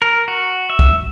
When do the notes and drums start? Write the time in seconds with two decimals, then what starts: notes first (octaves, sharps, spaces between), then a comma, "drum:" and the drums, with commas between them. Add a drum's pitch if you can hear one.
0.02 A#4
0.28 F#4
0.70 E5
0.79 drum: kick